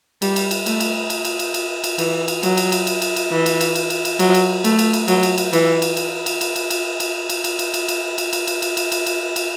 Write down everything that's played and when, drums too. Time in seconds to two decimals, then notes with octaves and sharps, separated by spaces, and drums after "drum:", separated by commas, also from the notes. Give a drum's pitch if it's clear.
0.22 G3, drum: cymbal
0.36 drum: cymbal
0.51 drum: cymbal
0.66 A3, drum: cymbal
0.80 drum: cymbal
1.10 drum: cymbal
1.25 drum: cymbal
1.39 drum: cymbal
1.54 drum: cymbal
1.84 drum: cymbal
1.98 E3, drum: cymbal
2.28 drum: cymbal
2.43 F#3, drum: cymbal
2.57 drum: cymbal
2.72 drum: cymbal
2.87 drum: cymbal
3.02 drum: cymbal
3.16 drum: cymbal
3.31 E3
3.46 drum: cymbal
3.61 drum: cymbal
3.75 drum: cymbal
3.90 drum: cymbal
4.05 drum: cymbal
4.19 F#3, drum: cymbal
4.34 drum: cymbal
4.64 A3, drum: cymbal
4.79 drum: cymbal
4.93 drum: cymbal
5.08 F#3, drum: cymbal
5.23 drum: cymbal
5.38 drum: cymbal
5.53 E3, drum: cymbal
5.82 drum: cymbal
5.97 drum: cymbal
6.26 drum: cymbal
6.41 drum: cymbal
6.56 drum: cymbal
6.70 drum: cymbal
7.00 drum: cymbal
7.29 drum: cymbal
7.44 drum: cymbal
7.59 drum: cymbal
7.74 drum: cymbal
7.88 drum: cymbal
8.18 drum: cymbal
8.33 drum: cymbal
8.47 drum: cymbal
8.62 drum: cymbal
8.77 drum: cymbal
8.92 drum: cymbal
9.06 drum: cymbal
9.36 drum: cymbal